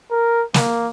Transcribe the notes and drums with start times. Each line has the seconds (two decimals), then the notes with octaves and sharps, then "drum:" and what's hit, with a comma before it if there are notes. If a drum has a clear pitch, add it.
0.11 A#4
0.54 A#3, drum: snare